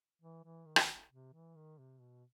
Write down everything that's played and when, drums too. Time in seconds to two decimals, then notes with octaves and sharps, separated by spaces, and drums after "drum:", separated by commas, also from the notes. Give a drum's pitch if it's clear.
0.22 E3
0.44 E3
0.66 D#3
0.76 drum: rim click
1.10 C3
1.33 E3
1.56 D#3
1.78 C3
2.00 B2